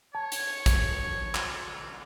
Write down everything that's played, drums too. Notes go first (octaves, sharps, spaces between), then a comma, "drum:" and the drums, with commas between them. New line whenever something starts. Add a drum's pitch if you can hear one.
C#5 A5
drum: hi-hat
drum: kick, hi-hat
drum: clap